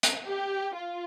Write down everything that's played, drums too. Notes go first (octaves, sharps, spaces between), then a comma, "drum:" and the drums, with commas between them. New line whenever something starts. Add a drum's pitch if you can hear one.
drum: hi-hat
G4
F4